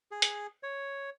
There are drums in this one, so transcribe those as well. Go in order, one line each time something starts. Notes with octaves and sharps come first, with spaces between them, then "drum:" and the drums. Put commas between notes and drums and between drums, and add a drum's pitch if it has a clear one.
G#4
drum: hi-hat
C#5